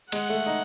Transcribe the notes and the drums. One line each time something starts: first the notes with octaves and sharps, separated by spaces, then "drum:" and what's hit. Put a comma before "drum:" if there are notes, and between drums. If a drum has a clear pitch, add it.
G#3 F#5, drum: cymbal
A3
D#4